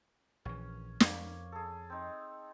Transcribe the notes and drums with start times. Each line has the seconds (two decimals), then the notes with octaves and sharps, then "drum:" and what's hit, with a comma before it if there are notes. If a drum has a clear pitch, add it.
0.45 A#1 E3 C#4
1.00 F2 A#3 G#5, drum: snare
1.52 G#4 A4
1.90 C4 D#4